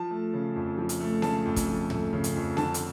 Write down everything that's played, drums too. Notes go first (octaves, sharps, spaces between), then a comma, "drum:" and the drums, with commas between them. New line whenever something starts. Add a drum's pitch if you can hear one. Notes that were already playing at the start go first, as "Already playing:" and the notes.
Already playing: F3 A5
A3
C#3
F2
F3
drum: hi-hat
A3
C#3 A5, drum: snare D4
F2
drum: kick, hi-hat
F3
A3, drum: tom
C#3
drum: hi-hat
F2
D3 A5, drum: snare D4
drum: hi-hat